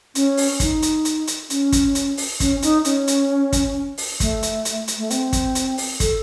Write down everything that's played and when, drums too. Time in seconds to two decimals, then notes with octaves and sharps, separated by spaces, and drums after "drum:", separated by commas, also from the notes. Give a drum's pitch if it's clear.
0.15 C#4, drum: hi-hat
0.37 drum: open hi-hat
0.60 D#4, drum: kick, hi-hat
0.82 drum: hi-hat
1.05 drum: hi-hat
1.27 drum: hi-hat
1.50 C#4, drum: hi-hat
1.72 drum: kick, hi-hat
1.95 drum: hi-hat
2.17 drum: open hi-hat
2.40 C#4, drum: kick, hi-hat
2.62 D#4, drum: hi-hat
2.85 C#4, drum: hi-hat
3.07 drum: hi-hat
3.53 drum: kick, hi-hat
3.98 drum: open hi-hat
4.20 A3, drum: kick, hi-hat
4.43 drum: hi-hat
4.65 drum: hi-hat
4.88 drum: hi-hat
4.97 A3
5.10 C4, drum: hi-hat
5.33 drum: kick, hi-hat
5.55 drum: hi-hat
5.78 drum: open hi-hat
6.00 A4, drum: kick, hi-hat